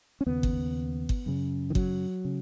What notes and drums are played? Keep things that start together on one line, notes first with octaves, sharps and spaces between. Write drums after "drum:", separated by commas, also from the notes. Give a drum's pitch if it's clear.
C#4
D#2 C#3 B3
drum: kick G1
drum: kick G1
F#2 C#3
D#3
F#3, drum: kick G1
C#3